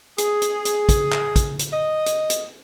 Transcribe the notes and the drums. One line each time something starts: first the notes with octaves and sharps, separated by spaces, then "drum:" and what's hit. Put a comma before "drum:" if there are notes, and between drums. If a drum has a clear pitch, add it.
G#4, drum: hi-hat
drum: hi-hat
drum: hi-hat
drum: kick, hi-hat
drum: clap
drum: kick, hi-hat
drum: hi-hat
D#5
drum: hi-hat
drum: hi-hat